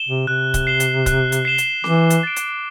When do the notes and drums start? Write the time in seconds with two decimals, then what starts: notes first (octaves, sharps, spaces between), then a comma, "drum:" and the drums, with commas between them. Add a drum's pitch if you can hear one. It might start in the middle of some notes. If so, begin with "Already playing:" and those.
Already playing: E7 G7
0.09 C3
0.27 C3 F#6
0.54 drum: kick D1, hi-hat
0.67 C7 E7 G7
0.80 drum: hi-hat
1.06 F#6, drum: kick D1, hi-hat
1.32 drum: hi-hat
1.45 C7 E7 G7
1.58 drum: hi-hat
1.84 E3 D6, drum: snare C4
2.10 drum: hi-hat
2.23 A6 D7
2.36 drum: hi-hat